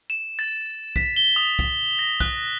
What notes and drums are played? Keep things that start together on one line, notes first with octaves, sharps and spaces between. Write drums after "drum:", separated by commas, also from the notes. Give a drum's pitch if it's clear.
E7
A6
B6, drum: kick
G7
D#6
drum: kick
A#6
F#6, drum: kick